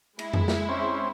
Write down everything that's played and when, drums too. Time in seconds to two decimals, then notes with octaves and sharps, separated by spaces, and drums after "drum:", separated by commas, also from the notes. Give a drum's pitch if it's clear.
0.19 G#3 E4, drum: cymbal
0.33 drum: tom F2
0.48 drum: snare
0.69 C4 C#4